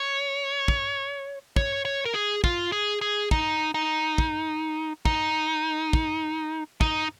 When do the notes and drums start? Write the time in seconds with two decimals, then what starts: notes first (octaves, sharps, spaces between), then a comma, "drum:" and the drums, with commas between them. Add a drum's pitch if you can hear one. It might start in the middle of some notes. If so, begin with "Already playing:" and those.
Already playing: C#5
0.68 drum: kick
1.56 C#5, drum: kick
1.85 C#5
2.05 A#4
2.14 G#4
2.44 F4, drum: kick
2.72 G#4
3.01 G#4
3.31 D#4, drum: kick
3.74 D#4
4.18 drum: kick
5.05 D#4, drum: kick
5.93 drum: kick
6.81 D#4, drum: kick